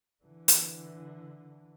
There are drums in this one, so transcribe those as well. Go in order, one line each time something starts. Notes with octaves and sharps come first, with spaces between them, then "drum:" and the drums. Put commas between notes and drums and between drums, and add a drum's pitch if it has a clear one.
D3 E3
drum: hi-hat